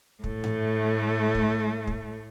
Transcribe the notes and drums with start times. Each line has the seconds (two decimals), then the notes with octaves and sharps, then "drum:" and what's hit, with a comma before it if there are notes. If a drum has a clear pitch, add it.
0.24 A2 A3, drum: kick
0.44 drum: tom G#2
1.34 drum: kick
1.87 drum: kick